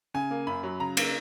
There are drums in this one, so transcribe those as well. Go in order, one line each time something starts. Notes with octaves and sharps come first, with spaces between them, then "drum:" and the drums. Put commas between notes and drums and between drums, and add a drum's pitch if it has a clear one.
C#3 G#5
A#3
F#2 B5
F#3
C#3 A#5
A#3, drum: cymbal